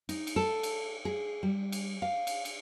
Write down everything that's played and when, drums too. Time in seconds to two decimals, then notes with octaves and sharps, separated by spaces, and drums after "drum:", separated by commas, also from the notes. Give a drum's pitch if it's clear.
0.09 D#4, drum: cymbal
0.27 drum: cymbal
0.36 A4
0.63 drum: cymbal
1.05 G#4
1.43 G3
1.72 drum: cymbal
2.02 F5
2.27 drum: cymbal
2.45 drum: cymbal